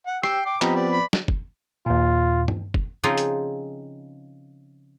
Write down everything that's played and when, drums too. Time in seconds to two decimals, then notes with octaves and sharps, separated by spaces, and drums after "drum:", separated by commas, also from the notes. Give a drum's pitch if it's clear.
0.07 F#5
0.23 G4 G5 E6 C7, drum: rim click
0.46 G5 D6
0.62 F3 B3 C4 G4 D#5 A#5 B5, drum: clap
0.76 B4 D5
0.92 B5
1.13 drum: snare
1.28 drum: kick
1.86 D#2 A#2 F4
2.48 drum: tom G2
2.74 drum: kick
3.03 C#3 F3 C4 D#4 F4 G#4
3.18 drum: hi-hat